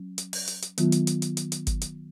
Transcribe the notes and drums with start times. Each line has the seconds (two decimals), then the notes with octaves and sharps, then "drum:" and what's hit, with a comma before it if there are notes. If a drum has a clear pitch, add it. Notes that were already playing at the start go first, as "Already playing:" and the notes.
Already playing: F#3 C#4
0.18 drum: hi-hat
0.33 drum: open hi-hat
0.48 drum: hi-hat
0.63 drum: hi-hat
0.78 D#3 F#3 B3 F4, drum: hi-hat
0.92 drum: hi-hat
1.07 drum: hi-hat
1.22 drum: hi-hat
1.37 drum: hi-hat
1.52 drum: hi-hat
1.67 drum: kick G1, hi-hat
1.82 drum: hi-hat